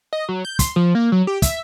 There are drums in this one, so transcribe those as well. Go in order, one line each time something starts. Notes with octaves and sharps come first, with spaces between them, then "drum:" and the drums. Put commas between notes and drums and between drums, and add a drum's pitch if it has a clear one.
D#5
F#3
G6
C6, drum: kick, hi-hat
F3
A#3
F#3
G4
E5, drum: kick, hi-hat